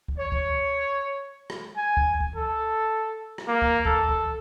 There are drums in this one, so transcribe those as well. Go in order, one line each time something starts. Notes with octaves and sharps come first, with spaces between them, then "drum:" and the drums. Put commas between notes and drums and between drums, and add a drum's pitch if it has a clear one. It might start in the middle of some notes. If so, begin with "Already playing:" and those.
drum: kick C#2
C#5
drum: kick C#2
drum: rim click
G#5
drum: kick C#2
drum: kick C#2
A4
drum: rim click
A#3
drum: kick C#2
A4, drum: kick C#2
drum: kick C#2